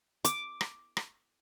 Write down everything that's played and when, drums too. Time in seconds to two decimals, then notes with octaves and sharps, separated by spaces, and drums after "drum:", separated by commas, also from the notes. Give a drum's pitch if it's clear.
0.25 D6, drum: hi-hat
0.61 drum: rim click
0.97 drum: rim click